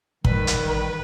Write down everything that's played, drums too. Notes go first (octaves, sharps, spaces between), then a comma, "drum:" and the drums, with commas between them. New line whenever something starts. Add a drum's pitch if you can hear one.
D#3 G3 B4, drum: kick
drum: hi-hat
A1 B4